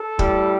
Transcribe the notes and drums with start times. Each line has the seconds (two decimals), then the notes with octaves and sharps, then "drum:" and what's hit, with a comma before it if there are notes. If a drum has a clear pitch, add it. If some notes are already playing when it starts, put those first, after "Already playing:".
Already playing: A4
0.19 A2 G3, drum: kick